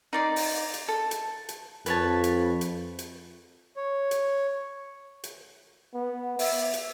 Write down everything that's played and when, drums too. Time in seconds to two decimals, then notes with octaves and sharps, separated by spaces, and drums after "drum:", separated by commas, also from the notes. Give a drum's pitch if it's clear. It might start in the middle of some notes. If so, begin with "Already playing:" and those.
0.13 D#4 D5 C6
0.36 drum: open hi-hat
0.74 drum: hi-hat
0.88 A4
1.11 drum: hi-hat
1.49 drum: hi-hat
1.86 F2 B4 C#5 A5, drum: hi-hat
2.24 drum: hi-hat
2.61 drum: hi-hat
2.99 drum: hi-hat
3.76 C#5
4.11 drum: hi-hat
5.24 drum: hi-hat
5.94 B3
6.39 E5, drum: open hi-hat
6.74 drum: hi-hat